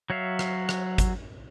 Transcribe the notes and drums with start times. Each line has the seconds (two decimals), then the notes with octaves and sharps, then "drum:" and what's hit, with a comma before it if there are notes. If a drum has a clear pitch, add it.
0.10 F#3 C#5 E5 F5
0.39 drum: rim click
0.69 drum: rim click
0.98 drum: kick G#1, hi-hat